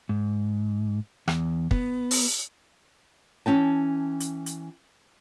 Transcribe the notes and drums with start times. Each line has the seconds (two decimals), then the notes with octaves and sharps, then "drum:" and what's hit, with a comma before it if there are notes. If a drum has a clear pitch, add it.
0.09 G#2
1.28 E2, drum: rim click
1.71 B3, drum: kick
2.11 drum: open hi-hat
3.46 E3 C#4 G5 A5
4.20 drum: hi-hat
4.46 drum: hi-hat